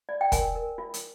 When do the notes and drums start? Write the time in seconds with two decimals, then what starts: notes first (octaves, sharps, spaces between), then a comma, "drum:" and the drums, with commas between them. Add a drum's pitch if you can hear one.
0.09 F4 D5
0.21 G5
0.32 A#4 G#5, drum: kick, hi-hat
0.55 A#4
0.78 F4
0.94 drum: hi-hat